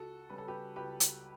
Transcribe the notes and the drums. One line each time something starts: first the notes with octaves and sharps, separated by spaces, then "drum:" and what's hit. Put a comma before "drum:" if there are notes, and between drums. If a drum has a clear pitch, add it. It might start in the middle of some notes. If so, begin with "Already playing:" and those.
Already playing: C#2 F#4 A4
C#3 G3 C#4 B4
A4
G4 B4
C#2 G4 B4
drum: hi-hat